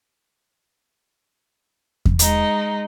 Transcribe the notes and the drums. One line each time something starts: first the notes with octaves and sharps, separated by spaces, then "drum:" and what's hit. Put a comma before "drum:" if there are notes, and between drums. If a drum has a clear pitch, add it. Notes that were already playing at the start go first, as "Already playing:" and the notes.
drum: kick E2
G#3 D#4, drum: hi-hat